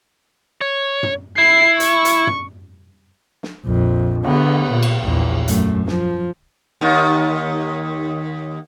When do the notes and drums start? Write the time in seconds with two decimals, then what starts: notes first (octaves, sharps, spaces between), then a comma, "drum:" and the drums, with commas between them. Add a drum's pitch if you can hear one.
0.61 C#5
1.03 drum: tom
1.38 E4 C7
1.80 C#6, drum: hi-hat
2.05 drum: hi-hat
2.27 drum: tom
3.43 drum: snare
3.65 A#1 F2
4.24 D3 B3, drum: cymbal
4.70 A#2
4.83 drum: cymbal
5.03 A#1 E2
5.48 F#2 A3, drum: hi-hat
5.87 F3, drum: snare
6.81 D#2 D#3